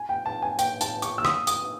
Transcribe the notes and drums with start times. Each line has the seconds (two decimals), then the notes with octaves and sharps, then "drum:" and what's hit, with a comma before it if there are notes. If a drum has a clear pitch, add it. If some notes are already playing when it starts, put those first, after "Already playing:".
Already playing: G#5
0.09 G5
0.26 A5
0.42 G#5
0.59 G5, drum: hi-hat
0.81 A5, drum: hi-hat
1.02 C#6, drum: hi-hat
1.18 E6
1.25 D#6, drum: rim click
1.47 D#6, drum: hi-hat